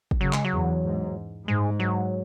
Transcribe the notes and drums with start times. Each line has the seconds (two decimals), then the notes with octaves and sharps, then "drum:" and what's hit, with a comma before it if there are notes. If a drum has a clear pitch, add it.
0.11 drum: kick
0.21 C#3 F#3
0.33 G#3, drum: clap
0.45 F#3
0.53 E2
0.84 G#2
1.48 G#2 G#3
1.80 F#3